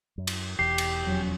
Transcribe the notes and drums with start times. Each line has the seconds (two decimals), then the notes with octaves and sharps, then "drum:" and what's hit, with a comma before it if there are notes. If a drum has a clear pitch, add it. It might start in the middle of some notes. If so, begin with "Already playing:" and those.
0.18 F#2
0.27 drum: cymbal
0.59 E1 E2 G4 C7
0.78 drum: cymbal
1.04 F2 F#3 C#4